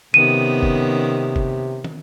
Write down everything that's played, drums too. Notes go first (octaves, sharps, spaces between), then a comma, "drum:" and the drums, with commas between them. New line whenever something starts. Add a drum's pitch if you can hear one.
C3 D#3 B3 C#4 D#7
drum: kick
drum: kick
drum: tom